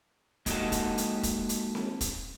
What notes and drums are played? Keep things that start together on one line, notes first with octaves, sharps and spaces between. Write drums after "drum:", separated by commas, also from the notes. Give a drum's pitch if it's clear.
G#3 A#3 D#4 F#4 G4 A4, drum: kick, hi-hat
drum: kick, hi-hat
drum: hi-hat
drum: kick, hi-hat
drum: hi-hat
drum: snare C4
drum: kick, hi-hat